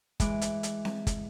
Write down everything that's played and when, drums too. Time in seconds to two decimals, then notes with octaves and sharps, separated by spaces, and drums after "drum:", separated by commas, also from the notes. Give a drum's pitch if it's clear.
0.20 E3 G#3 D6, drum: kick G1, hi-hat
0.41 drum: hi-hat
0.63 drum: hi-hat
0.85 drum: snare C4
1.07 drum: kick G1, hi-hat